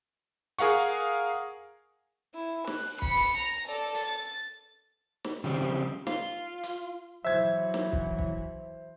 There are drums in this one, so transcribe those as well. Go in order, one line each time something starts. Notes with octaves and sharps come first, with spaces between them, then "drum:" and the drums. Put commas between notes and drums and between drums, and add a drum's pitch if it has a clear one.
G#4 A#4 F5 F#5 C#6, drum: hi-hat
E4
F#6, drum: snare
B5 C#7, drum: kick
drum: hi-hat
A#5
A4 D5
drum: hi-hat
A6
drum: snare
C#3 F3 G3 C4, drum: tom D3
F4, drum: snare
drum: hi-hat
E3 F#3 C5 E5 G#6
drum: snare
drum: kick
drum: kick